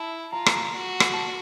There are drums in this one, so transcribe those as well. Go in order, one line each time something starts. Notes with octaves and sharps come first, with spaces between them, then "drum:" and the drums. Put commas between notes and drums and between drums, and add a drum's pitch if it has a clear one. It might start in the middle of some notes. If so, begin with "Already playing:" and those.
Already playing: E4 A5
F4 A#5
drum: rim click
F#4
drum: rim click
A5